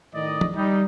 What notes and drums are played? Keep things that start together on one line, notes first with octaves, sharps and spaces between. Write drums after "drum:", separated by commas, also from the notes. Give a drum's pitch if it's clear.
A2 D#3 D5 D#5
drum: tom
G3 D#4